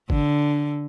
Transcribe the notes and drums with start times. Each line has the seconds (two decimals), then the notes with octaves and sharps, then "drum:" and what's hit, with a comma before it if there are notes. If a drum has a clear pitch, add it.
0.10 D3, drum: kick